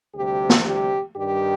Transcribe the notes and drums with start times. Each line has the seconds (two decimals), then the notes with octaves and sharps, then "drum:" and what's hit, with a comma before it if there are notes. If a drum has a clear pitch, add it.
0.15 D2 C3 G3 G4
0.49 drum: snare
0.65 G4
1.16 G2 D#3 G3 G4